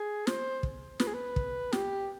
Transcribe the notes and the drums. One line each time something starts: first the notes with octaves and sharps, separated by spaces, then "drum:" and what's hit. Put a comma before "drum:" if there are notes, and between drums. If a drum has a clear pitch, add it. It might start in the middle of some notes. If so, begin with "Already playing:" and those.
Already playing: G#4
C5, drum: snare
drum: kick
B4, drum: snare
G#4
B4
drum: kick
G4, drum: snare